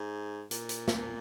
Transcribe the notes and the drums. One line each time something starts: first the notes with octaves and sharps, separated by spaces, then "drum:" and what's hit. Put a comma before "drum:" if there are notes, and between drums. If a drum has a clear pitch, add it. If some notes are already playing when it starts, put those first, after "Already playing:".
Already playing: G#2
A#2, drum: hi-hat
drum: hi-hat
drum: snare